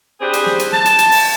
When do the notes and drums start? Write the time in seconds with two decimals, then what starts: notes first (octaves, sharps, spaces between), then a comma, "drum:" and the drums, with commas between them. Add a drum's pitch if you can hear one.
0.21 C4 D4 G4 G#4 B4 C5
0.33 drum: hi-hat
0.46 drum: snare
0.59 drum: hi-hat
0.72 A5, drum: snare
0.85 drum: hi-hat
0.99 drum: hi-hat
1.12 drum: open hi-hat